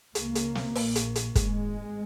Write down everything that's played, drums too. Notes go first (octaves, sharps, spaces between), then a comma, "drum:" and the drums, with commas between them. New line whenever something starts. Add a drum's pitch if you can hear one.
C#2 C#3 A#3, drum: hi-hat
drum: hi-hat
drum: snare
A#1 A#2, drum: open hi-hat
drum: hi-hat
drum: hi-hat
G#1 G#2 G#3, drum: kick, hi-hat